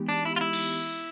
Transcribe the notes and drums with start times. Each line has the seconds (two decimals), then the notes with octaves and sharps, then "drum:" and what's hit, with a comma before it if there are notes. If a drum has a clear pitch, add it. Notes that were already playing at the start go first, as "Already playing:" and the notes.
Already playing: E3 G#3 B3 D#4 G4
0.09 D4
0.25 E4
0.36 F4
0.41 E4
0.53 drum: cymbal